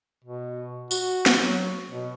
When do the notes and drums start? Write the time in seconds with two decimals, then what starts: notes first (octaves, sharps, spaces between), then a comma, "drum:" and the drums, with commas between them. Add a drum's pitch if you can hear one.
0.24 B2
0.91 F#4, drum: tambourine
1.26 drum: snare
1.36 F#3
1.90 B2